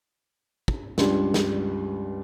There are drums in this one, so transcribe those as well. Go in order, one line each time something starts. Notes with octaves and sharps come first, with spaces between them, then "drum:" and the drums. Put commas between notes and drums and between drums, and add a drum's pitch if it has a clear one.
drum: kick
C#2 G2 D4 G4 C6, drum: snare
drum: snare